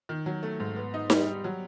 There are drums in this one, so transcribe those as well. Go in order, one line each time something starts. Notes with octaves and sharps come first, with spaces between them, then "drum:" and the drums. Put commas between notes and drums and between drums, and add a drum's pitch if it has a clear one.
D#3
F#3
A3
G#2
B3
D#4
G3, drum: snare D#4
G3
F#3